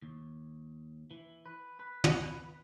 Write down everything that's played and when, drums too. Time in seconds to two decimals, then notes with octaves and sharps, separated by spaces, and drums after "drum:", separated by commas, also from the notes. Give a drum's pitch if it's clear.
0.02 D#2
1.11 E3
1.46 B4
1.79 B4
2.04 drum: tom